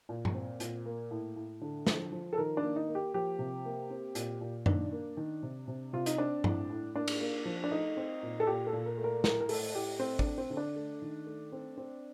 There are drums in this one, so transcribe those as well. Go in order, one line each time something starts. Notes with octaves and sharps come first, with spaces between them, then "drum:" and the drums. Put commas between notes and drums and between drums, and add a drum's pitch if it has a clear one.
A#2
drum: tom G2
C4
A#2, drum: hi-hat
A#3
A2
A2
D3
F3, drum: snare
F3
A4
D#3 A#4
D4
A#3
D#4
A#3
G4
F3 G4
C3
A#3
C4
A#2, drum: hi-hat
A#2
D#3 D4, drum: tom F#2
A#3
D#3
C3
C3
C3 F4
D#4, drum: hi-hat
C4 D4
A2, drum: tom G2
A2
A#3 D4
drum: cymbal
A#3
F3
D4
A3 D#4
C4
A#2
A4
A#2 G4
A4
A#2
A#4
A3
A#4
A2 A#4, drum: snare
A#4
A3 A4, drum: open hi-hat
A2 G4
A3 C4
D4, drum: kick
C4
C4
D3
D4
A3
D#3
A3
C4
C4